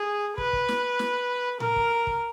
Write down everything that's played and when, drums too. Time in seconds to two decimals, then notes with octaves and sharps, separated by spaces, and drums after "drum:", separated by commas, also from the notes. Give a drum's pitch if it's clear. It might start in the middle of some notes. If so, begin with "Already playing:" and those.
Already playing: G#4
0.38 B4, drum: kick
0.53 drum: kick
0.68 drum: snare
0.99 drum: snare
1.60 A#4, drum: tom A2
1.76 drum: kick
2.07 drum: kick